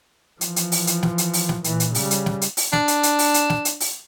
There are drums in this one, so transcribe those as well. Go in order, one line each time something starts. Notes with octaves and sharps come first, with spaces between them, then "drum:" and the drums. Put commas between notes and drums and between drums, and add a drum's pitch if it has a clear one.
E3 F3, drum: hi-hat
drum: hi-hat
drum: open hi-hat
drum: hi-hat
drum: snare
drum: hi-hat
drum: open hi-hat
drum: snare
A#2 E3, drum: hi-hat
drum: hi-hat
C#3 G3, drum: open hi-hat
drum: hi-hat
drum: snare
drum: hi-hat
drum: open hi-hat
D4, drum: snare
drum: hi-hat
drum: hi-hat
drum: open hi-hat
drum: hi-hat
drum: snare
drum: hi-hat
drum: open hi-hat